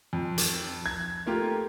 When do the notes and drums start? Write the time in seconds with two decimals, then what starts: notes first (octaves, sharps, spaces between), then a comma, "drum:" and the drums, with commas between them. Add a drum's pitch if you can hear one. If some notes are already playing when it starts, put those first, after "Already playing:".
0.13 F2
0.38 drum: hi-hat
0.86 G#6
1.26 A3 A#3 F4 G4